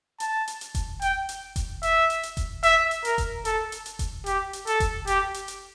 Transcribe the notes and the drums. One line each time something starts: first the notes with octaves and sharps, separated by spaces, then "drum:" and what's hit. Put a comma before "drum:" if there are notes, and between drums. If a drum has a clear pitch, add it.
A5, drum: hi-hat
drum: hi-hat
drum: hi-hat
drum: kick F1, hi-hat
G5, drum: hi-hat
drum: hi-hat
drum: kick F1, hi-hat
E5, drum: hi-hat
drum: hi-hat
drum: hi-hat
drum: kick F1, hi-hat
E5, drum: hi-hat
drum: hi-hat
A#4, drum: hi-hat
drum: kick F1, hi-hat
A4, drum: hi-hat
drum: hi-hat
drum: hi-hat
drum: kick F1, hi-hat
G4, drum: hi-hat
drum: hi-hat
A4, drum: hi-hat
drum: kick F1, hi-hat
G4, drum: hi-hat
drum: hi-hat
drum: hi-hat